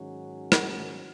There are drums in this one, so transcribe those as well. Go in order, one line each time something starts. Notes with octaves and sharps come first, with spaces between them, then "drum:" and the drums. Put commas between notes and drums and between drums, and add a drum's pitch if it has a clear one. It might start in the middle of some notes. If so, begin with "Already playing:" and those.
Already playing: G#2 D#3 F#3 C#4
F#5, drum: rim click